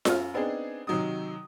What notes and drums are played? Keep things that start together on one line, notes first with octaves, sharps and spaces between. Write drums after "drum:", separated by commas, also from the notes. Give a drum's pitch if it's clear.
F#2 F6, drum: snare F4
B3 C4 D4 D#4 G#4
C3 D#3 F#3 D#4 D#6